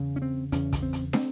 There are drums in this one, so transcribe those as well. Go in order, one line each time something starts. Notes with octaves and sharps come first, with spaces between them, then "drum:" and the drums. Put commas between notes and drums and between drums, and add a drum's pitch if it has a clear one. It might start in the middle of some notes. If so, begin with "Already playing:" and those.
Already playing: E2 C#3
C#4
C4
E2 C#3 C#4, drum: hi-hat
drum: kick, hi-hat
C4
drum: hi-hat
C4, drum: snare